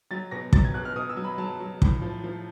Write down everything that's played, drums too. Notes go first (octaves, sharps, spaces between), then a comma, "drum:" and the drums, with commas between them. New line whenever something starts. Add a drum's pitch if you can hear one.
F#3 A6
B2 A#6
F#3 A6, drum: kick
G#6
B2 F#6
F6
B2 D#6
E6
F#3
B5
F#3 A5
F#3
A2, drum: kick
F3
F3